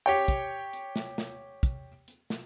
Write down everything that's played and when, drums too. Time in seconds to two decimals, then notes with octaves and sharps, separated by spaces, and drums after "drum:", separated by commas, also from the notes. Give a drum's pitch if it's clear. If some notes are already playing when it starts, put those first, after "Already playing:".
0.06 G4 C#5 G5
0.28 drum: kick, hi-hat
0.73 drum: hi-hat
0.96 drum: snare
1.18 drum: snare
1.63 drum: kick, hi-hat
2.08 drum: hi-hat
2.30 drum: snare